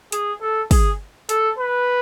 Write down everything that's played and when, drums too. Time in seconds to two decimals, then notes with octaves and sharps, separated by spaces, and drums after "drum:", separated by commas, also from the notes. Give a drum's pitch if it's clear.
0.12 G#4, drum: hi-hat
0.41 A4
0.71 G#4, drum: kick, open hi-hat
1.29 A4, drum: hi-hat
1.58 B4